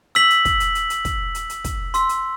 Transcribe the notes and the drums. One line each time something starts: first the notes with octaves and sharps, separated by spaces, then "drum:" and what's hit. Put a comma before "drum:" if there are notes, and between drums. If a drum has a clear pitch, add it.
E6 B6 F#7, drum: hi-hat
drum: hi-hat
drum: kick, hi-hat
drum: hi-hat
drum: hi-hat
drum: hi-hat
drum: kick, hi-hat
drum: hi-hat
drum: hi-hat
drum: kick, hi-hat
C6 E6 B6, drum: hi-hat
drum: hi-hat